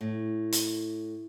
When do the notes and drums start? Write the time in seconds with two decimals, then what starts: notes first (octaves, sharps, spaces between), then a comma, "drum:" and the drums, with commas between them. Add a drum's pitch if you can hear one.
0.01 A2
0.52 drum: hi-hat